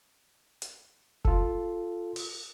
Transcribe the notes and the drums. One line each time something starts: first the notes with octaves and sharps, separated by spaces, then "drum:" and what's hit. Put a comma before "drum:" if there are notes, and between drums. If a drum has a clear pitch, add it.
drum: hi-hat
F4 A4, drum: kick F1
drum: open hi-hat